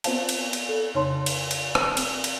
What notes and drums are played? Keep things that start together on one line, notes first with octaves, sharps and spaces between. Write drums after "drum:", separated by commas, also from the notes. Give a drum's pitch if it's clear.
B3 C4 F4 C5 F5 A5, drum: cymbal
drum: cymbal
drum: cymbal
A4
F2 C#3 D#4 C#5 A5 C6
drum: cymbal
drum: cymbal
drum: rim click
C4, drum: cymbal
drum: cymbal